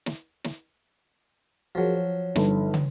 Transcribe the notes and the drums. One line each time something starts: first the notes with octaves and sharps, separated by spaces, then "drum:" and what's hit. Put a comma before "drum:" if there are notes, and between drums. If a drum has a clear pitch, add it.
drum: snare
drum: snare
F3 F#3 F#4 G#4 A#4
C#5
G1 D#4 A4 A5, drum: snare
drum: tom